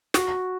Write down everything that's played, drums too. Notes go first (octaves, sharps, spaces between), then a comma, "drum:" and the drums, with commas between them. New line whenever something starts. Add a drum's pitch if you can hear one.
F#4, drum: snare